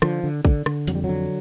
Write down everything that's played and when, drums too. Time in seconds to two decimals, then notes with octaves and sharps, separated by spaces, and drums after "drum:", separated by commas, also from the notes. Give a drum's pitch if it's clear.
0.02 D3 F3, drum: rim click
0.24 D3
0.45 D3, drum: kick
0.66 D3, drum: rim click
0.87 F2 F#3, drum: hi-hat
0.95 G3
1.04 D3 F#3